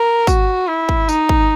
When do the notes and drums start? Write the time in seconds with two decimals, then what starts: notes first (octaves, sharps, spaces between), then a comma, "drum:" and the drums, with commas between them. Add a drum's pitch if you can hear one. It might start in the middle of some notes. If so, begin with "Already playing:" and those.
Already playing: A#4
0.27 F#4, drum: kick, tambourine
0.69 E4
0.89 drum: kick
1.09 D#4, drum: tambourine
1.29 drum: kick